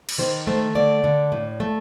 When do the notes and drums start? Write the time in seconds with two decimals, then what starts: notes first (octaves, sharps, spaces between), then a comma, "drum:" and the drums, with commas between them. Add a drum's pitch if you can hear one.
0.09 drum: cymbal
0.18 D#3 C5
0.47 A3 C5
0.75 D3 D5
1.04 D3
1.32 A2
1.60 A3